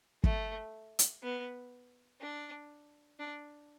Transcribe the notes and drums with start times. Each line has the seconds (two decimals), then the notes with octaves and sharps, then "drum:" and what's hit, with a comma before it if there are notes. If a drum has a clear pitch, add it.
0.24 A3, drum: kick
0.99 drum: hi-hat
1.23 B3
2.21 D4
3.19 D4